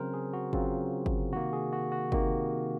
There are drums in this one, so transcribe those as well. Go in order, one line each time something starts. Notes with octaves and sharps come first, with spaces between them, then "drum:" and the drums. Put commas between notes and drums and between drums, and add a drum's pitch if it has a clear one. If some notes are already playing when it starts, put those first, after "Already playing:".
Already playing: C#3 F#3 C4 A#4 C5
G#4
F#4
C#3 F#3 C4 F4, drum: kick G1
drum: kick G1
C3 D#3 A#3 F#4
G#4
F#4
F#4
C3 D#3 A#3, drum: kick G1